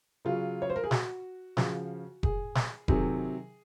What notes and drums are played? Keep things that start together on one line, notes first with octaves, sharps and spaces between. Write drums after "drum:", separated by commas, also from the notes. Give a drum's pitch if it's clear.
C#3 F#3 F4
C#5
C5
A#4
G#4
F#4, drum: snare
C#3 F3 F#4, drum: snare
G#4, drum: kick F1
drum: snare
C3 D#3 F#3 G#4, drum: kick F1